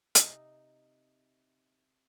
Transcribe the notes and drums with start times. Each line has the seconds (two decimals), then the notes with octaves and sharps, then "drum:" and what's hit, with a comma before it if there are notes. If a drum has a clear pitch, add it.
0.15 C3 D#4, drum: hi-hat